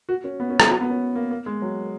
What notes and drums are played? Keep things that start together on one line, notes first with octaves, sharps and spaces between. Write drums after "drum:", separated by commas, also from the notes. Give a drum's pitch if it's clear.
F#4
C#4
B3
C#4
E4, drum: rim click
F#4
B3
C#4
A#3
A#3
G#3
F#3